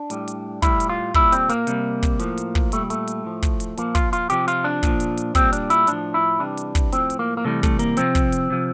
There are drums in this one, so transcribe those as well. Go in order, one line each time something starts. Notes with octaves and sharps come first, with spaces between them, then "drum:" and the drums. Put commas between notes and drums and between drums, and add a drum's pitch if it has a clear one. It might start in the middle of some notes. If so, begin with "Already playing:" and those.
Already playing: D4
A2 G3, drum: hi-hat
drum: hi-hat
A2 G3 E4, drum: kick, hi-hat
drum: hi-hat
F4
A#2 G3 E4, drum: kick
C4, drum: hi-hat
A#3, drum: hi-hat
C3 G3, drum: hi-hat
drum: kick, hi-hat
A2 F3, drum: hi-hat
drum: hi-hat
drum: kick
A#2 G3 A3, drum: hi-hat
A3, drum: hi-hat
drum: hi-hat
A2 F3
drum: kick, hi-hat
drum: hi-hat
A#2 F3 A#3, drum: hi-hat
F4, drum: kick, hi-hat
F4, drum: hi-hat
C3 F3 G4, drum: hi-hat
F4, drum: hi-hat
D4
A#2 F3, drum: kick, hi-hat
drum: hi-hat
drum: hi-hat
A#2 G3 C4, drum: kick, hi-hat
D4, drum: hi-hat
E4, drum: hi-hat
A2 F3 D4, drum: hi-hat
E4
C3 E3 G3 D4
drum: hi-hat
drum: kick, hi-hat
A2 F3 C4, drum: hi-hat
drum: hi-hat
A#3
A#3
C3 E3 G3 A3
A3, drum: kick, hi-hat
A#3, drum: hi-hat
C3 F3 C4, drum: hi-hat
drum: kick, hi-hat
drum: hi-hat
C3 F3